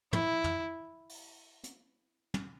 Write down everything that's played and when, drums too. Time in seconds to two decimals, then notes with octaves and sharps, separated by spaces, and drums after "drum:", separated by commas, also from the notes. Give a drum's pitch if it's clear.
0.13 E4, drum: tom
0.44 drum: tom
1.09 drum: open hi-hat
1.64 drum: hi-hat
2.34 drum: tom